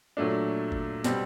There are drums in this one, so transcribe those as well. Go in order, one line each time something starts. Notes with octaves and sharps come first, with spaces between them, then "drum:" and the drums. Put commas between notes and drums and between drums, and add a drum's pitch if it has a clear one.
A#2 F#3 A3 D4
drum: kick
B2 G3 C4, drum: snare